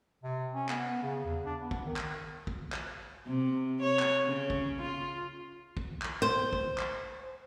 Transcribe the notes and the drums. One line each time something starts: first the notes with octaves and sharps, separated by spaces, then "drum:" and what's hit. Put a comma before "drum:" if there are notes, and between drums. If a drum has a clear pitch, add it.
C3
C#4
B3, drum: clap
C#3
E2
D4
B3
drum: kick
D#3
drum: clap
drum: kick
drum: clap
C3
C#5
drum: clap
C#3
drum: kick
F4
drum: kick
drum: clap
C5
drum: kick
drum: clap